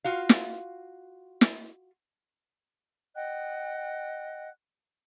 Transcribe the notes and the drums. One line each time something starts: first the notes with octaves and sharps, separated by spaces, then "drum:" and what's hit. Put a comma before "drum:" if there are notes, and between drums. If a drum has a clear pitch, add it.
F4 F#4 F5
drum: snare
drum: snare
D#5 F#5 G5 F#6